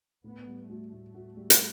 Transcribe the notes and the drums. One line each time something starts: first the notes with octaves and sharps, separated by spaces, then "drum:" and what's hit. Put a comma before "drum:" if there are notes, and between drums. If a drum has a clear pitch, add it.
A2 B3
G3
A3 F#4
A2
F#4
G3
drum: hi-hat